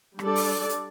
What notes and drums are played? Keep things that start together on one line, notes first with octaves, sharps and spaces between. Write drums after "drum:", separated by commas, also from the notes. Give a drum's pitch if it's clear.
G3 D4 A4 D5, drum: rim click
drum: open hi-hat
drum: hi-hat